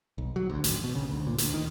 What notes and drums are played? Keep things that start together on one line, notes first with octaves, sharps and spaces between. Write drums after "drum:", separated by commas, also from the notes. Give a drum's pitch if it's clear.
B1
F#3
D2
A1, drum: hi-hat
B2
C#3
D2
A#2
D2, drum: hi-hat
D#3